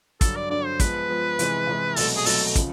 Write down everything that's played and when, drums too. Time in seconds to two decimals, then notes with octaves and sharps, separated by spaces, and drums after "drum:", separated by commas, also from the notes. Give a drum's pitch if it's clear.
0.21 G2 D3 F#3 A4, drum: kick, hi-hat
0.36 D5
0.50 G2 D3 F#3 D5
0.65 C5
0.80 F3 G#3 B3 B4, drum: kick, hi-hat
1.09 F3 G#3 B3
1.39 C3 E3 G#3, drum: hi-hat
1.67 C3 E3 G#3
1.96 C2 B2 F#3 A3 A4, drum: open hi-hat
2.16 G#4
2.26 C2 B2 F#3 A3 A4, drum: open hi-hat
2.55 C#3 F3, drum: kick, hi-hat